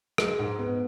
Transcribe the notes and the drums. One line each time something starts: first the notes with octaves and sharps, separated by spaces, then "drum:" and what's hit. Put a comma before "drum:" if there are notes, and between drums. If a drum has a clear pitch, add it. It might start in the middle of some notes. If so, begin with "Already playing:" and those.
G#3, drum: rim click
G#2
B3